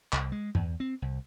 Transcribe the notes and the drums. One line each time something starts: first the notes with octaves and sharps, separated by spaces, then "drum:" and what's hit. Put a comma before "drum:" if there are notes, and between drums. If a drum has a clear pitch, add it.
C2, drum: clap
G#3
E2, drum: tom G2
C4
C2